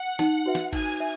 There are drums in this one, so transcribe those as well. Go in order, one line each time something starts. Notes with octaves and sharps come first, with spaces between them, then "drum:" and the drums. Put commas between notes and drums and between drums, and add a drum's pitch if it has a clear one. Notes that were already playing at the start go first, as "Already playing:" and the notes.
Already playing: F#5
D#4, drum: snare
F#4 B4 E5
drum: snare
D#4 G#5, drum: kick G#1, cymbal
E5